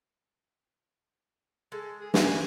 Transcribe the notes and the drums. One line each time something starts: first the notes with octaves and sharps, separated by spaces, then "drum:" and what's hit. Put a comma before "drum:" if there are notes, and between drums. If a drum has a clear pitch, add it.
G#3 A4
G#4
D#3 G#5 A#5, drum: snare